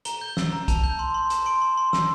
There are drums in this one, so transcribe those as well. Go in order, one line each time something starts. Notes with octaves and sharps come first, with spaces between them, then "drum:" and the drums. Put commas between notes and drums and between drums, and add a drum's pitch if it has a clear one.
A#5 G7, drum: hi-hat
G6
E6, drum: snare
A#5
A5 F7, drum: kick, hi-hat
G6
C6
C6
C6 E7, drum: hi-hat
C6 D7
C6
C6
E6, drum: snare